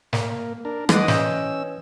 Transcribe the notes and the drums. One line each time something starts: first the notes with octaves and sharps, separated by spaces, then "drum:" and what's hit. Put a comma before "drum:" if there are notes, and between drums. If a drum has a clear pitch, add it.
A#3, drum: snare
D4 A#4
E3 D#5 F#5 C6 D6 D#6, drum: rim click
C#4 G5 E6, drum: snare